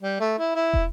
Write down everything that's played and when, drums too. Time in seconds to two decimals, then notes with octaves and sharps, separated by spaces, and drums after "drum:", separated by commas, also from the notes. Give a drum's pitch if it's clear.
0.02 G3
0.20 A3
0.38 E4
0.55 E4
0.73 drum: kick